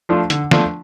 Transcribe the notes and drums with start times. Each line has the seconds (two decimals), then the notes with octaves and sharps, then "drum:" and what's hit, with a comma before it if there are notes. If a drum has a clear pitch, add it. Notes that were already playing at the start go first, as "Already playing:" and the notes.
0.09 F3 A3 D4 F4
0.30 D3, drum: hi-hat
0.51 F3 A3 D4 F4, drum: snare